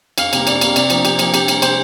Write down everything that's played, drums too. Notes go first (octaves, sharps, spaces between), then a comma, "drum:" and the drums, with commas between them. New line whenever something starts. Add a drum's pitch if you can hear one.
F2 F5, drum: cymbal
C3 G3 A#3, drum: cymbal
F2 D4, drum: cymbal
C3 G3 A#3, drum: cymbal
C3 D4, drum: cymbal
F3 A#3, drum: cymbal
C3 G4, drum: cymbal
F3 A#3, drum: cymbal
C3 G4, drum: cymbal
G3 A#3, drum: cymbal
C3 C5, drum: cymbal